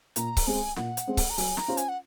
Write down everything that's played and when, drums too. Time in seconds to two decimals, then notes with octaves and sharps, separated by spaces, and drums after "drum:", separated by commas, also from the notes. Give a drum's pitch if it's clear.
0.16 A#2 A#5, drum: hi-hat
0.37 drum: kick C#1, open hi-hat
0.47 G#3 C4 G#5
0.76 A#2 F#5, drum: snare
0.97 drum: hi-hat
1.07 G#3 C4
1.17 drum: kick C#1, open hi-hat
1.30 A#5
1.38 F#3 G#5, drum: open hi-hat
1.57 A#5, drum: snare
1.68 C#4 F4 C5
1.77 G#5, drum: hi-hat
1.89 F#5